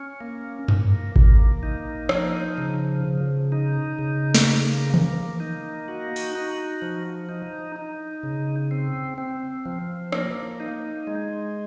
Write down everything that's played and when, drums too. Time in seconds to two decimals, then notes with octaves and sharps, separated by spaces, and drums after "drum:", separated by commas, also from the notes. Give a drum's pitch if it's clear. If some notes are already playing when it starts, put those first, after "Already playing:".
Already playing: C#4
0.21 A#3
0.68 A#3, drum: tom F#2
1.16 A#3, drum: kick G#1
1.63 D#4
2.09 F3, drum: rim click
2.58 C#3
3.04 C#3
3.52 D#4
3.99 C#3
4.35 drum: snare
4.45 A#3
4.94 A#3, drum: tom D#3
5.40 D#4
5.88 F#4
6.16 drum: open hi-hat
6.35 D#4
6.82 F3
7.29 D#4
7.76 D#4
8.23 C#3
8.71 C4
9.18 C4
9.65 F3
10.12 A#3, drum: rim click
10.60 D#4
11.07 G#3